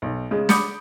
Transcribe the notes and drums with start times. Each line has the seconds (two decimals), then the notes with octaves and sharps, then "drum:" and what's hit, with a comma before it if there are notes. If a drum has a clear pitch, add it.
0.02 B1
0.31 C#3 G#3
0.49 B5 D6 D#6 G6 C#7, drum: snare